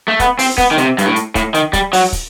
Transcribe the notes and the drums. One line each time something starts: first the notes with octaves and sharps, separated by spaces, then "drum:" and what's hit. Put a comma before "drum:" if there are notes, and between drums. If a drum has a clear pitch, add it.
A3
B3, drum: kick, hi-hat
C4, drum: open hi-hat
B3, drum: kick, hi-hat
D#3
C3, drum: hi-hat
G2, drum: hi-hat
A2
drum: hi-hat
A2, drum: kick, hi-hat
D#3, drum: hi-hat
G3, drum: kick, hi-hat
F#3, drum: open hi-hat
drum: kick, hi-hat